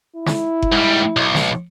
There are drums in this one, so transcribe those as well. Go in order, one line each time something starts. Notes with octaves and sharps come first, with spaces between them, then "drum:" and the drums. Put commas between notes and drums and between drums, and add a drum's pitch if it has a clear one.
E4
drum: snare
drum: kick F#1
G#2 G3
B1
drum: snare